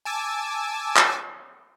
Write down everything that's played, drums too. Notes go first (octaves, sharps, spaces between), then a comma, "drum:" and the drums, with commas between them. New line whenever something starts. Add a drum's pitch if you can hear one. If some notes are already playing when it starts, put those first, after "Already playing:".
G#5 A5 D6 E6
drum: clap